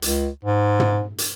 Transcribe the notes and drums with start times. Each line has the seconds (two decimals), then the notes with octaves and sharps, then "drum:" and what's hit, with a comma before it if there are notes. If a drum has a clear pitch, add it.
0.02 C#2, drum: hi-hat
0.45 G#2
0.80 drum: tom
1.18 drum: hi-hat